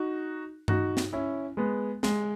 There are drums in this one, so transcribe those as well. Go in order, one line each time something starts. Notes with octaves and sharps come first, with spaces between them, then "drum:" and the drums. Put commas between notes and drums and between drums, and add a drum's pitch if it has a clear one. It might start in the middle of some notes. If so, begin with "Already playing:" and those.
Already playing: D#4 F#4
D#4 F#4, drum: tom G2
drum: snare
C#4 E4
G#3 B3
G#3, drum: snare